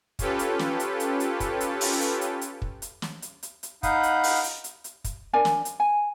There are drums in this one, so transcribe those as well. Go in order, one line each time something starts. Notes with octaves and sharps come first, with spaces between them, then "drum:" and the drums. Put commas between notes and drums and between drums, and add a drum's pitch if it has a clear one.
C#4 F4 G4 A4 B4, drum: kick, hi-hat
drum: hi-hat
drum: snare
drum: hi-hat
drum: hi-hat
drum: hi-hat
drum: kick, hi-hat
drum: hi-hat
drum: open hi-hat
drum: hi-hat
drum: hi-hat
drum: hi-hat
drum: kick
drum: hi-hat
drum: snare
drum: hi-hat
drum: hi-hat
drum: hi-hat
D#4 F5 F#5 B5 D#6 G6, drum: kick, hi-hat
drum: hi-hat
drum: open hi-hat
drum: hi-hat
drum: hi-hat
drum: hi-hat
drum: kick, hi-hat
D4 A#4 D5 G#5
drum: snare
drum: hi-hat
G#5